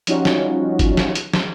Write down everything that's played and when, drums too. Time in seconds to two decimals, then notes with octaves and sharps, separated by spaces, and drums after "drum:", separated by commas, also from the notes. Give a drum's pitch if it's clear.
0.07 F3 G3 C#4 D#4 F4 F#4, drum: hi-hat
0.25 drum: snare
0.79 drum: kick, hi-hat
0.97 drum: snare
1.15 drum: hi-hat
1.33 drum: snare